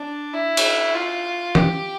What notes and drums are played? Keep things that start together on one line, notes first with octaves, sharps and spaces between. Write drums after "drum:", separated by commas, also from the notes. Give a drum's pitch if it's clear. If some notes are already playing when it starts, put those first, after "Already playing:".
Already playing: D4
E4
drum: cymbal
F4
G4, drum: tom